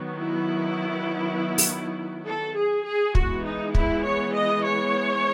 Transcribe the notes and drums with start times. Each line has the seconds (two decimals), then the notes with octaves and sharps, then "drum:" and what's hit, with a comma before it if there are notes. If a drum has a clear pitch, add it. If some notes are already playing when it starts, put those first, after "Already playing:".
Already playing: D#3 F#3 B3
0.17 E4
1.58 drum: open hi-hat
2.26 A4
2.55 G#4
2.85 G#4
3.15 E3 G#3 B3 F#4, drum: kick
3.45 D#4
3.75 E4, drum: kick
4.04 C#5
4.34 D#5
4.64 C#5